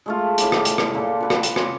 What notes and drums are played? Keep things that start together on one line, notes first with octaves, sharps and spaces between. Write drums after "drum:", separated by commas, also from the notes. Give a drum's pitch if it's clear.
G#3 A3 F4
A2 G4 G#4 D6, drum: hi-hat
drum: rim click
drum: hi-hat
drum: rim click
A#2 A4
F4 B4 F#5
drum: rim click
drum: hi-hat
C#5 G#5 C6 D6, drum: rim click